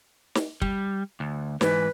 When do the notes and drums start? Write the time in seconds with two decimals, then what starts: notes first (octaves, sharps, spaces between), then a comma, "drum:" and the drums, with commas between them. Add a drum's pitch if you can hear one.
0.35 drum: snare
0.62 G3, drum: kick
1.20 D2
1.61 G#2 E3 B4, drum: snare